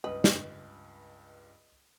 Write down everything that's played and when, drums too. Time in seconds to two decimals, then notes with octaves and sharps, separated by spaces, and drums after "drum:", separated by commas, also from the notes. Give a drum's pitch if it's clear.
0.04 C#2 G2 B4 D#5 D#6
0.24 drum: snare